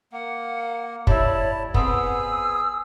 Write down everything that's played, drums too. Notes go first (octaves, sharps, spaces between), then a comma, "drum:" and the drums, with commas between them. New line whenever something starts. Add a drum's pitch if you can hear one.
A#3 F#5
G3 E4 C#5 A5, drum: kick
B3 C4 G#4 E6, drum: kick